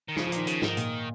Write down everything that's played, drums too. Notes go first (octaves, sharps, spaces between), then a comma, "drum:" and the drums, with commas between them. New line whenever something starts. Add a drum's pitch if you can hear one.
D#3
C#3 F3, drum: snare
F3
A#2 D#3, drum: hi-hat
C#3, drum: hi-hat
G#2 D#3, drum: snare
A#2, drum: hi-hat